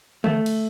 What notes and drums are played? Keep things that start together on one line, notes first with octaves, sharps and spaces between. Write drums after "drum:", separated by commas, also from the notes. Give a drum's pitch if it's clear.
A3, drum: tom D3
drum: cymbal